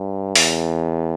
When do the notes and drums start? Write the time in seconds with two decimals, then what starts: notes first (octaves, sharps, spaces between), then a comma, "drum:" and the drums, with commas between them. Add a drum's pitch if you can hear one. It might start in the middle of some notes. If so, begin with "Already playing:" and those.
Already playing: G2
0.35 E2, drum: open hi-hat